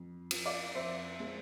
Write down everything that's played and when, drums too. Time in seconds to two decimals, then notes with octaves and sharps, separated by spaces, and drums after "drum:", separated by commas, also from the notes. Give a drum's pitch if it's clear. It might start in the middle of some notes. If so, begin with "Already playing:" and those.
Already playing: F2
0.31 F3, drum: cymbal
0.45 D5 F5
0.75 F2 C5 E5
1.20 G#3